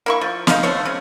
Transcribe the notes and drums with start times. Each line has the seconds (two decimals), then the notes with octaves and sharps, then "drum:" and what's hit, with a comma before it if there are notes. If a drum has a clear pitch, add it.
0.06 A#3 E4 C#6
0.21 F3
0.47 D#4 F5, drum: snare
0.63 A3 C5 C#5
0.85 C#3